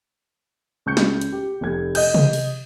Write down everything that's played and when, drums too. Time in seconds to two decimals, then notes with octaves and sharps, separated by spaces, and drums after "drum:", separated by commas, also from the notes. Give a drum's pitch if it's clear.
0.86 C#2 C#6 G6 C#7
0.97 drum: snare
1.21 drum: hi-hat
1.33 G4
1.61 F1 G#6
1.95 D#5 D#6 G6, drum: cymbal
2.14 drum: tom C3
2.33 drum: open hi-hat